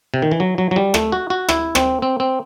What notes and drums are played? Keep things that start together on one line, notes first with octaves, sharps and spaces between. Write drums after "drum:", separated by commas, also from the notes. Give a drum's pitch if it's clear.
C3
D#3
E3
F#3
F#3
F#3
G3
A3, drum: rim click
F#4
F#4
E4, drum: rim click
C4, drum: rim click
C4
C4